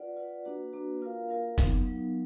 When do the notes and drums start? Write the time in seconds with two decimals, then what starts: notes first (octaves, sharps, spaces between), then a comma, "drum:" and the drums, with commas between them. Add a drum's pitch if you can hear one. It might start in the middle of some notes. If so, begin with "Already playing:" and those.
Already playing: F4 B4 D5 F#5
0.17 F4 B4 D5 F#5
0.45 A#3 D4 F#4 B4
0.73 A#3 D4 F#4 B4
1.00 A#3 F4 A#4 F5
1.29 A#3 F4 A#4 F5
1.58 F#3 B3 D#4, drum: kick F#1, hi-hat
1.85 F#3 B3 D#4